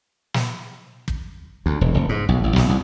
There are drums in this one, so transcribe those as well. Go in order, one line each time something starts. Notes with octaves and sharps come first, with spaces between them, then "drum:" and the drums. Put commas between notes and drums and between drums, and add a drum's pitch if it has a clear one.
drum: snare
drum: kick
D2
E1
F1
G#2
B1
A1
B1, drum: snare
C2